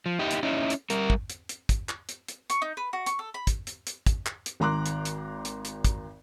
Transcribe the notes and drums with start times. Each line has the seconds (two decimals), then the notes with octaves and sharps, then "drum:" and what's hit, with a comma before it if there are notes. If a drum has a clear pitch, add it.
0.06 F3
0.19 D#4 E4 G4
0.31 drum: hi-hat
0.43 C#4 D#4 E4
0.70 drum: hi-hat
0.90 G3 A#4, drum: hi-hat
1.10 drum: kick
1.30 drum: hi-hat
1.49 drum: hi-hat
1.69 drum: kick, hi-hat
1.89 drum: clap
2.09 drum: hi-hat
2.28 drum: hi-hat
2.50 C#6, drum: hi-hat
2.62 D#4
2.77 B4
2.93 F#4
3.06 C#6, drum: hi-hat
3.19 A4
3.34 B5
3.47 drum: kick, hi-hat
3.67 drum: hi-hat
3.87 drum: hi-hat
4.06 drum: kick, hi-hat
4.26 drum: clap
4.46 drum: hi-hat
4.60 G#1 D#3 A#5 C6 D6 F#6
4.86 drum: hi-hat
5.05 drum: hi-hat
5.45 drum: hi-hat
5.65 drum: hi-hat
5.85 drum: kick, hi-hat